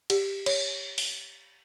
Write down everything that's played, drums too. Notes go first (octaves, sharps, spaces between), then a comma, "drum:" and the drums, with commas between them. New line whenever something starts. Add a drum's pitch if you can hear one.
G4, drum: cymbal
C#5, drum: cymbal
drum: open hi-hat